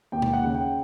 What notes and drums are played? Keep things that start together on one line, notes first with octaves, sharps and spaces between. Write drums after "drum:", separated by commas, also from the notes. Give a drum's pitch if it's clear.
D#2 G5
drum: tom B2
F#5
C#3
G5